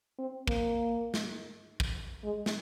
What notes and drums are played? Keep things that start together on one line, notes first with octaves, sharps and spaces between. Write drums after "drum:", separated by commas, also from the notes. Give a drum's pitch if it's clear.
C4
A#3, drum: kick
drum: snare
drum: kick
G#3
drum: snare